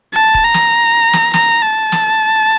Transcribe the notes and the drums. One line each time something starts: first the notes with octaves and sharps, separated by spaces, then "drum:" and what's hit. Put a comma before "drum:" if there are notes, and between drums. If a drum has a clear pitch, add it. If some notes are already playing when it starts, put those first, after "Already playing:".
A5
drum: kick
A#5
drum: snare
drum: snare
A#5, drum: snare
A5
drum: snare